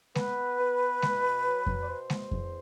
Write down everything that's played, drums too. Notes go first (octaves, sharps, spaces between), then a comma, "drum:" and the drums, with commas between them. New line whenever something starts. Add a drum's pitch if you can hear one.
B3 B4, drum: snare G#3
B3
B2, drum: snare G#3
F#3
drum: kick F2
D5
B2 C5
drum: snare G#3
E2, drum: kick F2